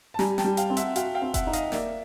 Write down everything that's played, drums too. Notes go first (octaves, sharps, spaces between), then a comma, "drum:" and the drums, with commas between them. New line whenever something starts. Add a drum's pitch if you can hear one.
A5
G3 G#5 A#5, drum: snare
G5 A5, drum: snare
G3
F5 G5, drum: hi-hat
C4
E5 F#5, drum: hi-hat
F#4 F5 G5, drum: hi-hat
F5 G5
C4
E5 F#5, drum: kick F1, hi-hat
D#4
D#5 F5, drum: hi-hat
A#3 D5 E5, drum: snare